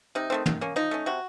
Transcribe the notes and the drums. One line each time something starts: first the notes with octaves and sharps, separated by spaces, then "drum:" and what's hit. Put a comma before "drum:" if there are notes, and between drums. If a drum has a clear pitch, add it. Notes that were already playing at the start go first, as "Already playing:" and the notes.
C3 D#4
D#3 A3 C4
D#3, drum: tom
A#3 C#4
F3 D#4
A3 C#4
C3 F#4